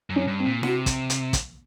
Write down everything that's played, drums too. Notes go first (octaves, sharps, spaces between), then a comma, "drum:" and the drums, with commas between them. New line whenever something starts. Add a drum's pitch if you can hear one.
F#2
C#4
G2
C4
A#2
C3 F#4, drum: snare
drum: kick, hi-hat
drum: hi-hat
drum: kick, hi-hat